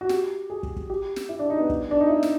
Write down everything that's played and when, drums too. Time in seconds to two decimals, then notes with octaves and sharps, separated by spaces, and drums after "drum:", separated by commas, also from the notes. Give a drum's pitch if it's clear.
0.01 F#4
0.09 G4, drum: snare
0.50 G#4
0.63 drum: kick
0.76 drum: kick
0.90 G4
1.16 drum: snare
1.29 E4
1.39 D4
1.50 D#4
1.60 B3
1.69 drum: kick
1.91 D4
2.00 D#4
2.10 E4
2.23 drum: snare